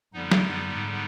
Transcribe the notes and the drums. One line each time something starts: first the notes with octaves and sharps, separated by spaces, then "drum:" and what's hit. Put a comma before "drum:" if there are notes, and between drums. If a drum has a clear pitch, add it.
F2 D3 G3 B3 D#4
drum: snare
F#2
G#2